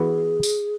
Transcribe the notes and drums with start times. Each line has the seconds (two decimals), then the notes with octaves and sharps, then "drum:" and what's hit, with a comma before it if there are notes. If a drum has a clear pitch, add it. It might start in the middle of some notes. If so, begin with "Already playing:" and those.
Already playing: E3 B3 F#4 G#4 B4
0.43 drum: tambourine